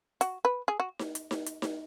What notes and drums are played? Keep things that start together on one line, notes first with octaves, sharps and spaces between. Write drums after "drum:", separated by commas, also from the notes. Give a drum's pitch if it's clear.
F#4, drum: hi-hat
B4
G#4
F#4
drum: snare D#4
drum: hi-hat
drum: snare D#4
drum: hi-hat
drum: snare D#4